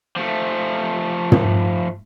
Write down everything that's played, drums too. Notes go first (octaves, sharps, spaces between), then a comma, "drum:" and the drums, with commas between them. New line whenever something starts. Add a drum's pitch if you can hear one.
F3 A3
drum: tom